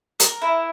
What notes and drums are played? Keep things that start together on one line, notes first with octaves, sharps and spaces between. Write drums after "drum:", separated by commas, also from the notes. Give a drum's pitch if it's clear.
A#4, drum: hi-hat
E4